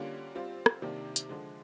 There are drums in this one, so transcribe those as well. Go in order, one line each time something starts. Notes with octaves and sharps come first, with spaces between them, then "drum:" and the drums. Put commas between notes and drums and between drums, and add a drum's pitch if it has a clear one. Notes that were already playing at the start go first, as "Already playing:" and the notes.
Already playing: D3 G3 A#3 C#4 F4
G3 C4 F4
drum: rim click
C3 D#3 G3 A#3 D4
drum: hi-hat
D3 F3 G#3